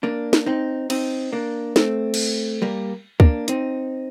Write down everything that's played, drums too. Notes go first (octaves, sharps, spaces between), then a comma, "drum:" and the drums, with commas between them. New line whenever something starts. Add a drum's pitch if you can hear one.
A#3 D4
drum: snare
C4 D#4
C4 D#4, drum: cymbal
A#3 D4
A3 C4, drum: snare
drum: cymbal
G3 A#3
A#3 D4, drum: kick
C4 D#4, drum: hi-hat